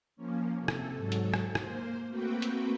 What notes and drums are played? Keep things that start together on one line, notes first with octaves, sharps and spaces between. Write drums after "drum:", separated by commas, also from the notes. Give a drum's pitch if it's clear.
F3 A#3 C#4
C3 A4
drum: rim click
G#2 F#3 A4
drum: hi-hat
drum: rim click
A#3 C5, drum: rim click
A3 A#3 C4 F#4 B4 G5
drum: hi-hat